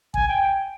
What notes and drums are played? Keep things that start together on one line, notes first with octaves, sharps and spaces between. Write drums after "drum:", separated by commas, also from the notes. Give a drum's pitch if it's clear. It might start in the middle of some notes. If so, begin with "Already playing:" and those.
G#5, drum: kick A1
G5